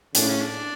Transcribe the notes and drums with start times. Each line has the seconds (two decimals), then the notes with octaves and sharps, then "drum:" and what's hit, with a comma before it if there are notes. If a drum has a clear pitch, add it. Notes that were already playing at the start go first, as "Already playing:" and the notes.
0.15 A2 C#3 D4, drum: hi-hat
0.28 C#4
0.41 D4